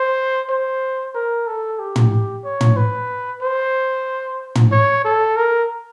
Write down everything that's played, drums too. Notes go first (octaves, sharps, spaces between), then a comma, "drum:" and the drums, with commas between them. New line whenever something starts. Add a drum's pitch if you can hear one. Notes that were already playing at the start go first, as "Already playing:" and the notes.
Already playing: C5
C5
A#4
A4
G4
drum: tom
C#5
drum: tom
B4
C5
drum: tom
C#5
A4
A#4